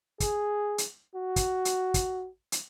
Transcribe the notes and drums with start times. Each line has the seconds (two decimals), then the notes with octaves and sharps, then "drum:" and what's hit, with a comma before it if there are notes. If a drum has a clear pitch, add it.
0.20 G#4, drum: kick, hi-hat
0.78 drum: hi-hat
1.15 F#4
1.36 drum: kick, hi-hat
1.65 drum: hi-hat
1.94 drum: kick, hi-hat
2.52 drum: hi-hat